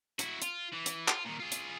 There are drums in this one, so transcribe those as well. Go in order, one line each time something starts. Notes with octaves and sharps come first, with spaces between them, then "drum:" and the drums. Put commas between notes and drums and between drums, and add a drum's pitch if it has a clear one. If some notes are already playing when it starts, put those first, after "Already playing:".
E4 F#4, drum: hi-hat
F4, drum: hi-hat
E3
drum: hi-hat
F4, drum: clap
A#2 D#3
F4 G#4
drum: hi-hat